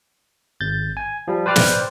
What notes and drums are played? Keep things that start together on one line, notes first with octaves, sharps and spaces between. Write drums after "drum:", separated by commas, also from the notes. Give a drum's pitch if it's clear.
G#1 G6 A6
G#5
F3 G3
B4 C5 D5 G5 D6 F6
drum: snare